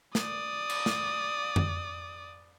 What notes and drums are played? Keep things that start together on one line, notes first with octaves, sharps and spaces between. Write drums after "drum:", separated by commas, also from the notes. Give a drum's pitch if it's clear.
D5 D#6, drum: snare
drum: cymbal
drum: snare
drum: tom F2